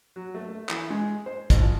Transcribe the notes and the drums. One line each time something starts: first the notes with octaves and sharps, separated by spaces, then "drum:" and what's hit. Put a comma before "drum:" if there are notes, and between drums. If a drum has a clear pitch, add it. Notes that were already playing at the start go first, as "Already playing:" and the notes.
F#3
A3
A3
E3, drum: clap
G#3
C5
A1, drum: kick, hi-hat
F3